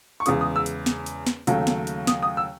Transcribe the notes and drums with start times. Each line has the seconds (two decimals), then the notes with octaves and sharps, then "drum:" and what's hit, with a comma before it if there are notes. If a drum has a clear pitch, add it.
0.20 C#6
0.26 E2 C#3 G#3 D#6, drum: hi-hat
0.41 D#6
0.56 E6
0.66 drum: hi-hat
0.86 drum: snare
1.06 drum: hi-hat
1.27 drum: snare
1.47 D#2 C#3 F#3 A3, drum: hi-hat
1.67 drum: snare
1.87 drum: hi-hat
2.07 D#6, drum: snare
2.23 D#6
2.37 E6